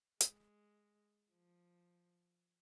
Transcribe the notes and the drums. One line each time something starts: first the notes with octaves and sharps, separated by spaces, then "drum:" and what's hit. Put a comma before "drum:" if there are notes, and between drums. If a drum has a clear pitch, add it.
G#3, drum: hi-hat
F3